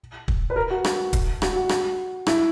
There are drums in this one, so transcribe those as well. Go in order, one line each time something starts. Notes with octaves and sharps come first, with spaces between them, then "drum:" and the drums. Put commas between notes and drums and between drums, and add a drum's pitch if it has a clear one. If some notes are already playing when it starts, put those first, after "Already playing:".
drum: kick
B4
A#4
F#4
drum: rim click
drum: kick, hi-hat
F#4, drum: rim click
F#4
drum: rim click
E4, drum: rim click